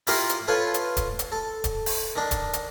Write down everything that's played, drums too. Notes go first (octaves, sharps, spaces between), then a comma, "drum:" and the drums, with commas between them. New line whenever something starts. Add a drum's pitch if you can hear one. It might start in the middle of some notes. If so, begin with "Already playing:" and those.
E4 F4 G4 A#4 A#5 C6, drum: open hi-hat
drum: hi-hat
F4 A4 B4 C#5 F5
drum: hi-hat
drum: kick D1, hi-hat
drum: hi-hat
A4
drum: kick D1, hi-hat
drum: open hi-hat
D#3 D4
drum: kick D1, hi-hat
drum: hi-hat